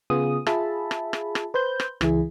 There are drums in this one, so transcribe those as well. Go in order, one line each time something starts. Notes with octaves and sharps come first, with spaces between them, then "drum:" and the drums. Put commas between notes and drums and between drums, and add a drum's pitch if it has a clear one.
C#3 B3 F4 G#4 D#6
F4 G#4 E5 A5 B5, drum: rim click
drum: rim click
drum: rim click
drum: rim click
B4 C5 G6
drum: rim click
C#2 E3 E4 G#4, drum: rim click